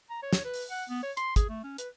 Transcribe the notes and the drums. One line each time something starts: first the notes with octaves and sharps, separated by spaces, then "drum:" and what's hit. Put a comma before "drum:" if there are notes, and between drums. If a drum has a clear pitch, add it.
A#5
C#5
drum: snare
B4
drum: open hi-hat
F#5
B3
C#5
C6, drum: hi-hat
G#4, drum: kick, hi-hat
A3
C#4
B4, drum: hi-hat